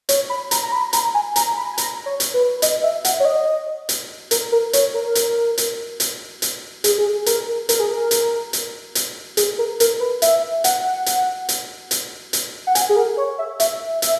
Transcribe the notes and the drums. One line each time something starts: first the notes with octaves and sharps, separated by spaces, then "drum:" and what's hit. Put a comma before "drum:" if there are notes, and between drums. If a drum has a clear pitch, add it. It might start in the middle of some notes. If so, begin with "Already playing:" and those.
C#5, drum: hi-hat
B5
A#5, drum: hi-hat
A#5
B5
A#5, drum: hi-hat
G#5
A#5, drum: hi-hat
B5
G#5
A#5, drum: hi-hat
C#5
drum: hi-hat
B4
D#5, drum: hi-hat
E5
F#5, drum: hi-hat
C#5
D#5
drum: hi-hat
A#4, drum: hi-hat
A#4
C#5, drum: hi-hat
A#4
drum: hi-hat
drum: hi-hat
drum: hi-hat
drum: hi-hat
G#4, drum: hi-hat
G#4
A#4, drum: hi-hat
A#4, drum: hi-hat
G#4
A#4
drum: hi-hat
drum: hi-hat
drum: hi-hat
G#4, drum: hi-hat
A#4
A#4, drum: hi-hat
B4
E5, drum: hi-hat
F#5, drum: hi-hat
drum: hi-hat
drum: hi-hat
drum: hi-hat
drum: hi-hat
F#5
G#5, drum: hi-hat
G#4
A#4
C#5
E5
E5, drum: hi-hat
E5, drum: hi-hat